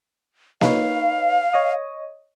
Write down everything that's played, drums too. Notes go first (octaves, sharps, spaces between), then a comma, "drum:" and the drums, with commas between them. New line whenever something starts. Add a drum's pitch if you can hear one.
D#4 B4 C#5 F5, drum: snare A#3
C#5 D#5 D#6